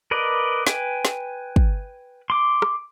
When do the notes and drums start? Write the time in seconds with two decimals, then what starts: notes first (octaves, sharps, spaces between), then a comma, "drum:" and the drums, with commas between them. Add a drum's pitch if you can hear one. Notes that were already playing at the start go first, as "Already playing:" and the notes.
0.11 A#4 B4 D5 D#5
0.67 B4 G5 G#5, drum: snare
1.05 drum: snare
1.56 drum: kick
2.30 C6 D6
2.62 drum: rim click